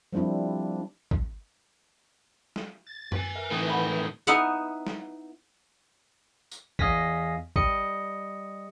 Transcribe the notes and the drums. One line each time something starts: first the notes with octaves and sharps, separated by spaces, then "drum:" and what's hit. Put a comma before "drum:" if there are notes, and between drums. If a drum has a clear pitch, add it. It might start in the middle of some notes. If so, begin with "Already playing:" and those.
F3 G3 C4 D4 E4
drum: kick
drum: snare
A6
B4 G#5, drum: tom F#2
A#4 E5
A2 D#3 E3
F#5 B5
B3 D#4 E4 E5 F#5
drum: snare
drum: tambourine
E2 D#5 F5 G#5 A#6 B6, drum: kick
G3 D#5 C#7, drum: kick